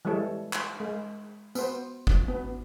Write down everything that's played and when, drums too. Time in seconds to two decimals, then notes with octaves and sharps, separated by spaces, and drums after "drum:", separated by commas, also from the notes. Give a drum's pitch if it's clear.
0.05 E3 G3 G#3 A4 C#5
0.53 drum: clap
0.80 G#3
1.55 B3 C5, drum: tambourine
2.07 drum: kick
2.28 B3